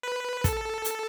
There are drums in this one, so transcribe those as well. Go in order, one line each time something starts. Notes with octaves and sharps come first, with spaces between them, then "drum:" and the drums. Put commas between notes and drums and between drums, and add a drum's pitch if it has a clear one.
B4
A4, drum: kick, hi-hat
drum: hi-hat